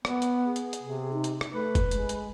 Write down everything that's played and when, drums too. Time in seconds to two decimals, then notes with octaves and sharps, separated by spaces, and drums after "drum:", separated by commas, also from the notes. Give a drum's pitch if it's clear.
0.05 B3, drum: rim click
0.22 drum: hi-hat
0.46 G#4
0.56 drum: hi-hat
0.73 drum: hi-hat
0.82 C3
1.13 D#4
1.24 drum: hi-hat
1.41 drum: rim click
1.53 A3 B4
1.75 drum: kick, hi-hat
1.91 G#3, drum: hi-hat
2.09 drum: hi-hat